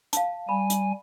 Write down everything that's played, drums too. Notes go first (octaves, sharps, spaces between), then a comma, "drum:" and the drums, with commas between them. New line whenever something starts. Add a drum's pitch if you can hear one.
F5 A5, drum: hi-hat
G3 G#5 B5
drum: hi-hat